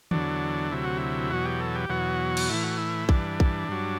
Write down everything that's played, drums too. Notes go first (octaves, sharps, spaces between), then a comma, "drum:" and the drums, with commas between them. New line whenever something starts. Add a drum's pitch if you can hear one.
E2 D3 F#3 D4, drum: tom
D2 C3 F#3 E4
F#4
E4
E2 B2 F#3 F#4
G4
A4
G4
E2 B2 F#3 F#4
drum: cymbal
A2 E3 E4
F#4
E4
G2 E3 D4, drum: kick A#1
drum: kick A#1
G2 F#3